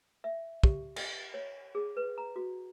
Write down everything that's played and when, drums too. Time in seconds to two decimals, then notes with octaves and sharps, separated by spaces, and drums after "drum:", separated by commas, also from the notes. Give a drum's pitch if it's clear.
0.24 E5
0.64 G4, drum: kick
0.96 G5, drum: cymbal
1.34 C#5
1.75 G#4
1.97 B4
2.18 A#5
2.36 F#4